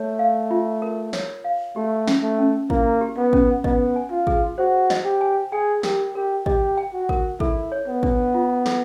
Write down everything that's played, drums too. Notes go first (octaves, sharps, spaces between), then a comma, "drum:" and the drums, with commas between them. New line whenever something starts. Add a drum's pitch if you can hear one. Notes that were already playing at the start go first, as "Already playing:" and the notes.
Already playing: A3 C#5
F5
F4
A#4
C#5, drum: snare
F5
A3 G4
C#4, drum: snare
A3
C#4
A#3 E4, drum: kick
G4
B3
C#4, drum: kick
B3 D#5, drum: kick
G#5
F4
G#4, drum: kick
F#4 C5
D#5, drum: snare
G4
G#5
G#4 G5
G4 A#4, drum: snare
G4 A#4
G4 D#5, drum: kick
G5
F#4
A#4, drum: kick
E4 A4, drum: kick
C#5
B3
D4, drum: kick
F4
A4, drum: snare